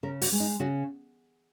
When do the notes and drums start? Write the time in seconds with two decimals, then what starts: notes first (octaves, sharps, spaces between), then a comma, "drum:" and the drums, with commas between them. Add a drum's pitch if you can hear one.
0.03 C#3 A#4
0.22 F#4, drum: open hi-hat
0.32 G#3
0.40 D#4
0.60 C#3 F#4